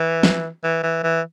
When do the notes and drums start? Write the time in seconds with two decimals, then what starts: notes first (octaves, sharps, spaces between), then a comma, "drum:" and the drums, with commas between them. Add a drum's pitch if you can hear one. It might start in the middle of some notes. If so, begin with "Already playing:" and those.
Already playing: E3
0.23 drum: snare
0.64 E3
0.83 E3
1.04 E3